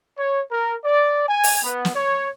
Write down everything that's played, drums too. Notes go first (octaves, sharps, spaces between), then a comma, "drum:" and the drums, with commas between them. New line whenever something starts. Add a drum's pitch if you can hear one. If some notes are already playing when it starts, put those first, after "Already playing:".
C#5
A#4
D5
G#5
drum: open hi-hat
B3
drum: snare
C#5